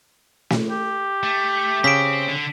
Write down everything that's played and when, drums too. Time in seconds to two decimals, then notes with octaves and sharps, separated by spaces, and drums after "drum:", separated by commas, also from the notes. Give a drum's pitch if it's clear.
0.50 drum: snare
0.70 G4
1.23 A3
1.84 C#3 C4 B6 D7
2.28 D3